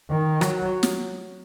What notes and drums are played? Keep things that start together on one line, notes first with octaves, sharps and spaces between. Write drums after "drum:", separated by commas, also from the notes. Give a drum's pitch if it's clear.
D#3
F#3, drum: rim click
drum: snare